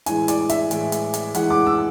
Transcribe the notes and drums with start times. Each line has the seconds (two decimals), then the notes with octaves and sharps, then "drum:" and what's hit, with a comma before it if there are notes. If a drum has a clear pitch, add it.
0.06 A2 E3 G#3 G#5, drum: hi-hat
0.28 D5, drum: hi-hat
0.49 E5, drum: hi-hat
0.71 A2 E3 G#3, drum: hi-hat
0.92 drum: hi-hat
1.14 drum: hi-hat
1.35 A2 E3 G#3 F#5, drum: hi-hat
1.50 D6
1.66 E6